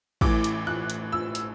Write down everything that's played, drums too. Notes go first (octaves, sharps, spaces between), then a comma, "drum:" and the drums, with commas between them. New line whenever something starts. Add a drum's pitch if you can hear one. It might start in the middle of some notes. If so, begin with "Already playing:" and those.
A1 A2 E3 D6, drum: kick
drum: hi-hat
F#6
drum: hi-hat
E6
drum: hi-hat